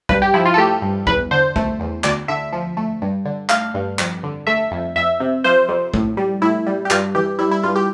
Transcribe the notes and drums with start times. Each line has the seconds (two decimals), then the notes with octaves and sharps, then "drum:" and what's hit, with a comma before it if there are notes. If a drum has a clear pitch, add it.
0.09 G2 B4, drum: kick A#1
0.22 G4
0.34 F3 E4
0.46 F4
0.54 A4
0.57 A3 G4
0.82 G2
1.07 E2 B4, drum: kick A#1
1.31 D3 C5
1.56 A3, drum: kick A#1
1.80 E2
2.04 D2 D5, drum: clap
2.28 D3 E5
2.53 F3
2.77 A3
3.02 G2
3.25 D3
3.49 A3 F5, drum: clap
3.74 G2
3.99 F2, drum: clap
4.23 D3
4.47 A3 E5
4.71 F2
4.96 F2 E5
5.20 C3
5.44 F3 C5
5.69 F2
5.94 A2, drum: kick A#1
6.17 G3
6.42 A2 E4
6.67 G3
6.85 G4
6.90 G2 F4, drum: clap
7.15 E3 G4
7.39 G3 E4
7.51 E4
7.63 G2 F4
7.76 G4